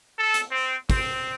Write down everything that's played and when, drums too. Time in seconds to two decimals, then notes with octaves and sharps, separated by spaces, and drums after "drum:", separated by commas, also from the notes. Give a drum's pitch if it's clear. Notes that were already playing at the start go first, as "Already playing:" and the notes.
0.19 A4
0.34 drum: hi-hat
0.51 C4
0.90 C4, drum: kick, open hi-hat